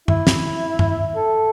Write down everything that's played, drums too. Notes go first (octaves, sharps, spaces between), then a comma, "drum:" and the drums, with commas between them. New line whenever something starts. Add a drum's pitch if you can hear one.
E4, drum: tom G2
drum: snare
drum: tom G2
A4